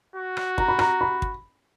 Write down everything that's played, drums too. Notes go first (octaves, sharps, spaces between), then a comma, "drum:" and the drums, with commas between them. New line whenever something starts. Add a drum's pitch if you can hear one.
F#4
drum: rim click
A#5, drum: kick
B5
A#5, drum: rim click
B5
drum: kick